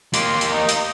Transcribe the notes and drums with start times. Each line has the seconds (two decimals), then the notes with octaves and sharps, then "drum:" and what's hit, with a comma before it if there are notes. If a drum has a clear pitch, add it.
0.14 A#3 G4 C6, drum: hi-hat
0.41 drum: hi-hat
0.50 D#4
0.69 drum: hi-hat